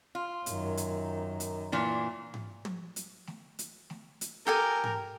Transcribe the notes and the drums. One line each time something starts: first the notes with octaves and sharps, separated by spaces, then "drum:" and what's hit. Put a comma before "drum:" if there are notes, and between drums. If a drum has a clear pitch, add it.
F4
F#2 D#3, drum: hi-hat
drum: hi-hat
drum: hi-hat
A#2 E3 D4, drum: snare A3
drum: tom G#2
drum: tom
drum: hi-hat
drum: snare A3
drum: hi-hat
drum: snare A3
drum: hi-hat
G4 A4 A#4 G#5
drum: tom G#2